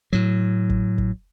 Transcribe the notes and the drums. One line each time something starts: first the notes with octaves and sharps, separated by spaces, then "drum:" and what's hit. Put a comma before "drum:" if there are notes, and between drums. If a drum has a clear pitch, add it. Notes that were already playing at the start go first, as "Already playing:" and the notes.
A2 F#3
drum: kick
drum: kick